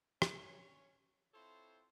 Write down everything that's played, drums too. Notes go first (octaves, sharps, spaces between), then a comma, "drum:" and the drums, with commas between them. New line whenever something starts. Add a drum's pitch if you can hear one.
C#4 C#5, drum: rim click
C4 E4 F4 A4 C5 C#5